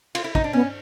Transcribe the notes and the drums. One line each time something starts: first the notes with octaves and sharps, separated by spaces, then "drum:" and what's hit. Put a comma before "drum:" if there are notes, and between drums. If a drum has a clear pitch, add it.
F4, drum: cymbal
E4
D#4, drum: kick
D4
B3 C#4